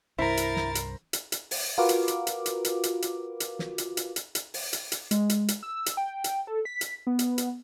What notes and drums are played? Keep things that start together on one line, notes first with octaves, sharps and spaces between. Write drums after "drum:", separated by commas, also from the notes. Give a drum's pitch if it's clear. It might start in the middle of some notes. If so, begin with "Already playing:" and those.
C2 G2 E4 A#4 C5 A#5 A6
drum: hi-hat
drum: snare
drum: hi-hat
drum: hi-hat
drum: hi-hat
drum: open hi-hat
F4 F#4 A#4 B4 F5 D6
drum: hi-hat
drum: hi-hat
drum: hi-hat
drum: hi-hat
drum: hi-hat
drum: hi-hat
drum: hi-hat
drum: hi-hat
drum: snare
drum: hi-hat
drum: hi-hat
drum: hi-hat
drum: hi-hat
drum: open hi-hat
drum: hi-hat
drum: hi-hat
G#3, drum: hi-hat
drum: hi-hat
drum: hi-hat
E6
drum: hi-hat
G5
drum: hi-hat
A4
B6
drum: hi-hat
B3
drum: hi-hat
drum: hi-hat